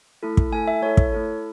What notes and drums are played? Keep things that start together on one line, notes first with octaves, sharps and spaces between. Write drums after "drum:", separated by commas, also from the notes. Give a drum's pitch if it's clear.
A3 E4 A4
drum: kick
A3 E4 A4 G#5
E5
A3 E4 A4 C#5
drum: kick
A3 E4 A4